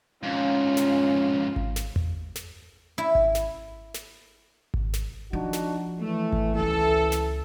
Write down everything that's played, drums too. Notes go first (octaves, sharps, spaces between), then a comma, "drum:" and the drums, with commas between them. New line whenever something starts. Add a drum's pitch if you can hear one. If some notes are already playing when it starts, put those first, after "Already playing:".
F2 G#2 C#4 F4
drum: snare
drum: kick G#1
drum: snare
drum: tom E2
drum: snare
E4
drum: kick G#1
drum: snare
drum: snare
drum: kick G#1
drum: snare
F3 D4 D#4 F#4
drum: snare
E3 A3
drum: kick G#1
C#2 A4
drum: snare